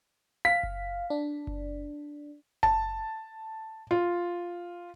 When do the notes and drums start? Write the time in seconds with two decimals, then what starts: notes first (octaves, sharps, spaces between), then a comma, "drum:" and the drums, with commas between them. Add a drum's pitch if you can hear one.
0.45 F5 B6
0.63 drum: kick F#1
1.10 D4
1.47 drum: kick F#1
2.63 A5, drum: kick F#1
3.91 F4